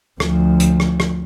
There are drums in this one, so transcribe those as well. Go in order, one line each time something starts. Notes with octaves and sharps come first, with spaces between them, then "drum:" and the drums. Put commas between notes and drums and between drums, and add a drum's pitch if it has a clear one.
D2 F3, drum: rim click
drum: hi-hat
drum: rim click
drum: rim click